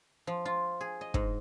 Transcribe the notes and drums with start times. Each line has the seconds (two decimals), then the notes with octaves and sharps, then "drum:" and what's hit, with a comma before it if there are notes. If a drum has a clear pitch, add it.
0.27 F3
0.45 F4
0.81 G#4
1.01 D#5
1.14 G#2, drum: kick